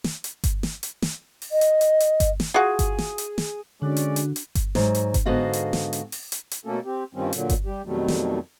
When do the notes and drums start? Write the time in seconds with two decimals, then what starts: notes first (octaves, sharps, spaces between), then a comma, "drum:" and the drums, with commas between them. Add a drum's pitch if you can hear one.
0.04 drum: snare
0.24 drum: hi-hat
0.44 drum: kick G1, hi-hat
0.63 drum: snare
0.83 drum: hi-hat
1.02 drum: snare
1.42 drum: open hi-hat
1.52 D#5
1.61 drum: hi-hat
1.81 drum: hi-hat
2.00 drum: hi-hat
2.20 drum: kick G1, hi-hat
2.40 drum: snare
2.54 F4 F#4 G#4
2.79 drum: kick G1, hi-hat
2.98 drum: snare
3.18 drum: hi-hat
3.38 drum: snare
3.82 D3 G#3 C#4 D4 F#4 D5
3.97 drum: hi-hat
4.16 drum: hi-hat
4.36 drum: hi-hat
4.55 drum: kick G1, hi-hat
4.75 G#2 F#3, drum: snare
4.95 drum: hi-hat
5.14 drum: kick G1, hi-hat
5.25 G#2 D3 B3 F#4 D#5 F5
5.53 drum: hi-hat
5.73 drum: snare
5.93 drum: hi-hat
6.12 drum: open hi-hat
6.32 drum: hi-hat
6.51 drum: hi-hat
6.66 B2 A3 A#3 C#4 A4
6.85 C4 G4
7.14 G2 D#3 F3 G3 C4 C#4
7.33 A#2 D3 F#3, drum: hi-hat
7.50 drum: kick G1, hi-hat
7.65 G3 G4
7.85 F2 B2 D#3 F#3 G3 A3
8.08 drum: snare